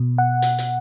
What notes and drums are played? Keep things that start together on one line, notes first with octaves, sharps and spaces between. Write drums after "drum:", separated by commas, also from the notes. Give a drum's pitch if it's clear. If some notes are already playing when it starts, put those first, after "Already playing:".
Already playing: B2
F#5
drum: hi-hat
drum: hi-hat